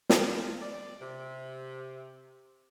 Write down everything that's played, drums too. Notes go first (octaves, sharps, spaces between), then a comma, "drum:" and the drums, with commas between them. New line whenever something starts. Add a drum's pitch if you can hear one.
drum: snare
F4
D5
C3